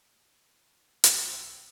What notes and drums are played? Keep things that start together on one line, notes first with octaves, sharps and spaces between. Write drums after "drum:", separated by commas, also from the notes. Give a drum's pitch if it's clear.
B1 G5 E6, drum: hi-hat